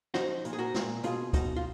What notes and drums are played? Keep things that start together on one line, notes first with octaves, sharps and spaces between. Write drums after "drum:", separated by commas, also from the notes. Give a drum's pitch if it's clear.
F3 D#4 F#4, drum: snare
A#2, drum: hi-hat
G#4
F#4 A#4
A#2, drum: snare
B2 F4 G#4, drum: hi-hat
B2 D#4 F#4, drum: kick, hi-hat
F4